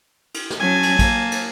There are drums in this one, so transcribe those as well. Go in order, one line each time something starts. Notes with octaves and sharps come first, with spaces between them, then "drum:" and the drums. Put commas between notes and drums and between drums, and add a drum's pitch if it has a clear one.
drum: cymbal
drum: snare
F#3 C#4 G#5 A5
drum: cymbal
A#3, drum: kick, cymbal
drum: cymbal